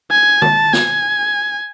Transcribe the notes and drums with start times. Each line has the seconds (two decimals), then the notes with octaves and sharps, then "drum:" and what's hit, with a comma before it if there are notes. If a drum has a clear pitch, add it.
0.12 G#5
0.42 A5, drum: tom D3
0.73 G#5, drum: snare